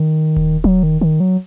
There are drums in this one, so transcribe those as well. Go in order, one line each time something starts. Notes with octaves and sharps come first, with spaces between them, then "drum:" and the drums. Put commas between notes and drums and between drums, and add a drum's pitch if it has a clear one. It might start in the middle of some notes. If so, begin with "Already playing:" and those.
Already playing: D#3
drum: kick D#1
F#3, drum: kick D#1
D#3
D#3
F#3